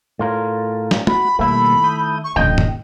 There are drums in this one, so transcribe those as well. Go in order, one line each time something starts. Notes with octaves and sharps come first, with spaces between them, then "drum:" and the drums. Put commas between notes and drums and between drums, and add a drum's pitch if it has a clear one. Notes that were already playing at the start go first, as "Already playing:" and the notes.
A2 F4 A4 A#4
drum: snare
F#4 F#5 B5, drum: tom
B2 D#3 G3 A3 A#3 E4 B5
D#6 G6
C#6
D#1 D3 F3 A3 C#4 D#5 G5
drum: tom